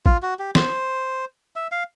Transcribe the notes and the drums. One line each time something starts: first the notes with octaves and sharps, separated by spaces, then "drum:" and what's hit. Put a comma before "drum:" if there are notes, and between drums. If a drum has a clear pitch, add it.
F4, drum: kick A1
F#4
G4
C5, drum: snare
E5
F5